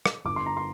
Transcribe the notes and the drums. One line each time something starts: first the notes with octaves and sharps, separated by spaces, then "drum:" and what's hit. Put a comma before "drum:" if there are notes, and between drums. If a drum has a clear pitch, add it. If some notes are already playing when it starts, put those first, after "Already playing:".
drum: rim click
G1 D6
C6
A#5
C6